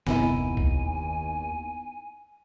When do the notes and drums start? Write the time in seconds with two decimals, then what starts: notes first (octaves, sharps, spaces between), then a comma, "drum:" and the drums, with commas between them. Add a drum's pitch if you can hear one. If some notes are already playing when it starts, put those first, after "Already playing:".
0.07 F#1 D#2 C3 B3 D#4 E4 G#5, drum: snare
0.57 drum: kick B1